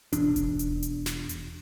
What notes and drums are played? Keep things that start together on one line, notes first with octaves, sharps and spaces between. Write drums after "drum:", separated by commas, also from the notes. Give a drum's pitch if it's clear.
E1 E2 D4, drum: hi-hat
drum: kick D#1, hi-hat
drum: hi-hat
drum: hi-hat
drum: snare
drum: hi-hat